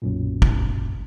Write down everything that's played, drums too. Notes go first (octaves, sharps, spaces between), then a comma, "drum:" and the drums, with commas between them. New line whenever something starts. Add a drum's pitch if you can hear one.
B1 F#2 A#2
drum: kick